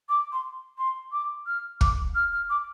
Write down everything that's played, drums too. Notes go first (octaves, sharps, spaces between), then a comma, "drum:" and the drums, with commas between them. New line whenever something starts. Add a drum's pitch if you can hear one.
D6
C6
C6
D6
F6
D6, drum: kick
F6
F6
D6